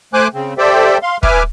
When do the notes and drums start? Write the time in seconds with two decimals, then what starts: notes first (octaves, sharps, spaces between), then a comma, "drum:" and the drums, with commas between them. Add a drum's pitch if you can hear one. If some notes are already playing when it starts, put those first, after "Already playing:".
0.14 A3 C5 G#5 D6 F#6
0.34 C#3 C4
0.58 G4 A4 C5 D5 E5 G5
1.02 F5 C6
1.23 B4 E5 G#5 D6 F6, drum: kick